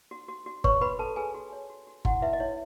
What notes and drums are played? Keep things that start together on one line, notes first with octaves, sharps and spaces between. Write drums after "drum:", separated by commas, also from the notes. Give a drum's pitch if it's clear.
F#4
F#4
F#4
B4 C#5 C#6, drum: kick G1
F#4 B4 B5
A4 B4 A5
G#4 B4 G#5
F#4
C#5
F#4
F#4
E4 F#4 F#5, drum: kick G1
E4 B4 E5
D#5
E4 C#5